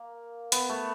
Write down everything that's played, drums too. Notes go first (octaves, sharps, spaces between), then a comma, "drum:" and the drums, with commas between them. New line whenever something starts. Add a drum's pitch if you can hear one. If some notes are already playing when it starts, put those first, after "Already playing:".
Already playing: A#3
B3, drum: hi-hat
A3